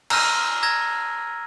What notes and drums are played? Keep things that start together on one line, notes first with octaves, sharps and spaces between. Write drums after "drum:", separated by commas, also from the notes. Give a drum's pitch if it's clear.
A#5 E6 F6 A#6 D#7, drum: cymbal
A#5 E6 G#6 A#6